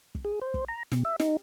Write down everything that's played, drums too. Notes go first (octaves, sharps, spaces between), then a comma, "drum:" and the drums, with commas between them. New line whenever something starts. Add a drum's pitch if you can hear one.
drum: kick
G#4
C5
drum: kick
A#5
B2, drum: snare
E5
D#4, drum: snare